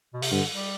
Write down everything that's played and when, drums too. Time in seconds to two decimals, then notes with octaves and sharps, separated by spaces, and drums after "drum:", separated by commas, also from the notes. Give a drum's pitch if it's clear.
0.14 B2
0.22 C3, drum: open hi-hat
0.31 G2 D3
0.53 G3